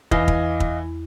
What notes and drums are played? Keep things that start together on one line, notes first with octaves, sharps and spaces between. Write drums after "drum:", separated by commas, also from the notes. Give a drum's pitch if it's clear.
E2 E3 E4 D#5 F5, drum: kick
drum: kick
drum: kick